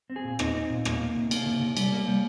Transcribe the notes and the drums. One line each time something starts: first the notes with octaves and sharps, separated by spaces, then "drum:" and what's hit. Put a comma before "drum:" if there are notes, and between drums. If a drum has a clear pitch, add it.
C4
G#4
A#2
C4 D#4, drum: rim click
C4
A#2
A#3, drum: rim click
A#3
C3
A#3, drum: cymbal
C3
C3
G3, drum: cymbal
A#3
G3